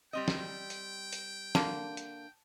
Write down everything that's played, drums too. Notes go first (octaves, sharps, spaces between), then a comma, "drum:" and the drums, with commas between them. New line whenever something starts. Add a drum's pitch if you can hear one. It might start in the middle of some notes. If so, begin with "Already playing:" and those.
G3 C4 D#5 G5
drum: snare
drum: hi-hat
drum: hi-hat
D3 A#3 A5, drum: snare
drum: hi-hat